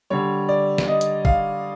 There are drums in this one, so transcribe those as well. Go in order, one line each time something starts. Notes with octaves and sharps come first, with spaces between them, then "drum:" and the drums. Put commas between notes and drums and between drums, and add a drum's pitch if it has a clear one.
D3 G3 C#5
D5
drum: snare
D#5
drum: hi-hat
F5, drum: kick